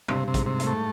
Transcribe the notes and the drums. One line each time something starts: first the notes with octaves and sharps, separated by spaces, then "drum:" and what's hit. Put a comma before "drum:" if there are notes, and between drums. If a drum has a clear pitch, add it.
G2 C3, drum: tom
C3
G#2, drum: kick, hi-hat
C3
A2, drum: hi-hat
A3